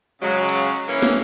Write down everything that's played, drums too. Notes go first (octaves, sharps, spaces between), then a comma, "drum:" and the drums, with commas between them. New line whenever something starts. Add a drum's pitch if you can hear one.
C#3 F#3 G#3
drum: cymbal
E3 A#3 C#4
drum: snare